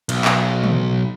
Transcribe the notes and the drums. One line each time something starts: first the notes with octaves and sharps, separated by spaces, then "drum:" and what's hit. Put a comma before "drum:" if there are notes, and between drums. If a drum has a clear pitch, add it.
B1, drum: hi-hat
drum: clap
drum: tom